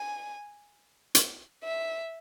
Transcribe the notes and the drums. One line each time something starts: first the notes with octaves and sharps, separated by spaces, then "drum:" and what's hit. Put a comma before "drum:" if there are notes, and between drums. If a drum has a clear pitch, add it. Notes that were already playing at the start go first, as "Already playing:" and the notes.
Already playing: G#5
drum: hi-hat
E5